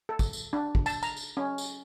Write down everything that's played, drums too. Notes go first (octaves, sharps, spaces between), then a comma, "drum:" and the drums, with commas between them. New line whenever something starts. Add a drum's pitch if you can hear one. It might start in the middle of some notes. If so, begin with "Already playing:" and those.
A4
drum: kick, tambourine
drum: tambourine
D4
drum: kick
A5, drum: tambourine
A#5, drum: tambourine
drum: tambourine
C#4
drum: tambourine